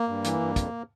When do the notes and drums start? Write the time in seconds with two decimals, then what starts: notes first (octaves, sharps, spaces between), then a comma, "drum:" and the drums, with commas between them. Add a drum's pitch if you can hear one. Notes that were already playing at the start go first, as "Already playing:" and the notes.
Already playing: A#3
0.08 G2
0.24 E3, drum: hi-hat
0.40 G2
0.56 F2, drum: kick, hi-hat